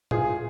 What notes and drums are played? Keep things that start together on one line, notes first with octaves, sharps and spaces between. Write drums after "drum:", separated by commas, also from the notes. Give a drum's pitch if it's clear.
F4 G#4, drum: tom